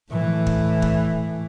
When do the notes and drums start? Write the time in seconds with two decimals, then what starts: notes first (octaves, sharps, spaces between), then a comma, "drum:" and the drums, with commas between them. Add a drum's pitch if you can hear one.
0.11 A2 E3
0.46 drum: kick
0.82 drum: kick